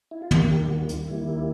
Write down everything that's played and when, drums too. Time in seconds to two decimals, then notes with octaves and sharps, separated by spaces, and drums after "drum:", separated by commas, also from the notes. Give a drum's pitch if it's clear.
0.11 E4
0.22 F4
0.31 D#2 D#3 G3 A#3 F#4, drum: tom
0.50 G4
0.70 F#4
0.89 F4, drum: hi-hat
1.07 D#2 D#3 G3 A#3 E4